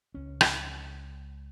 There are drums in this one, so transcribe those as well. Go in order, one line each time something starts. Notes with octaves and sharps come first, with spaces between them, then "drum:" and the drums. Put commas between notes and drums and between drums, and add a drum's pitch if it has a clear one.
C#2 C#4
drum: rim click